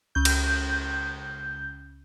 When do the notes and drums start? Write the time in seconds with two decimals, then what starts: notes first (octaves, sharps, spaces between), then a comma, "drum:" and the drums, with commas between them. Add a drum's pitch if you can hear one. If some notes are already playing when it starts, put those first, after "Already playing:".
0.15 C#2 G6
0.25 drum: cymbal